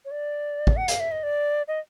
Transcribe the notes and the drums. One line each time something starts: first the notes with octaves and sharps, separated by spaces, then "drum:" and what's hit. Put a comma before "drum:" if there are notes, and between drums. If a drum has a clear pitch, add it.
C#5
D5
drum: kick
F#5
F5, drum: hi-hat
E5
D#5
D5
D#5